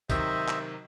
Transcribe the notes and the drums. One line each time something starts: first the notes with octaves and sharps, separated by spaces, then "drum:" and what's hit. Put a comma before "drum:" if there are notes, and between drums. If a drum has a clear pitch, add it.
C3 D#3 F#3 C5 D#5 E5, drum: kick, tambourine
drum: clap